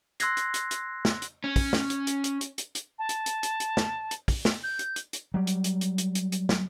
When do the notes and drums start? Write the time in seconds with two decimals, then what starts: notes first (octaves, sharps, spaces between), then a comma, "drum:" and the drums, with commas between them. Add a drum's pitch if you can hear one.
0.20 C6 E6 F#6 G#6 A#6 C7, drum: hi-hat
0.37 drum: hi-hat
0.54 drum: hi-hat
0.71 drum: hi-hat
1.05 drum: snare
1.22 drum: hi-hat
1.44 C#4
1.56 drum: kick, open hi-hat
1.73 drum: snare
1.90 drum: hi-hat
2.07 drum: hi-hat
2.24 drum: hi-hat
2.41 drum: hi-hat
2.58 drum: hi-hat
2.75 drum: hi-hat
2.99 A5
3.09 drum: hi-hat
3.26 drum: hi-hat
3.43 drum: hi-hat
3.60 drum: hi-hat
3.77 drum: snare
4.11 drum: hi-hat
4.28 drum: kick, open hi-hat
4.45 drum: snare
4.63 G6
4.79 drum: hi-hat
4.96 drum: hi-hat
5.13 drum: hi-hat
5.34 F#3 G3
5.47 drum: hi-hat
5.64 drum: hi-hat
5.81 drum: hi-hat
5.98 drum: hi-hat
6.15 drum: hi-hat
6.32 drum: hi-hat
6.49 drum: snare